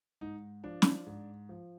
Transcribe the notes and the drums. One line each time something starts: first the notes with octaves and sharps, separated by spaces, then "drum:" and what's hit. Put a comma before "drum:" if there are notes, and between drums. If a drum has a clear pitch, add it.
G#2 D#4
F3 D4
drum: snare
G#2
F3